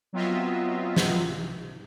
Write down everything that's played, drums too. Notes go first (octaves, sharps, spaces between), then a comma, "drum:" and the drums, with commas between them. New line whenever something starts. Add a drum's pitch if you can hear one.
F#3 B3 C4 F4 D#5 E5
drum: snare